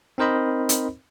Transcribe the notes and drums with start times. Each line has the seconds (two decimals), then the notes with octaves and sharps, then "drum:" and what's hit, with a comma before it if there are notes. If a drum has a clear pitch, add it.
0.18 C4 D#4 A#4 C5 D#5 B5
0.69 drum: hi-hat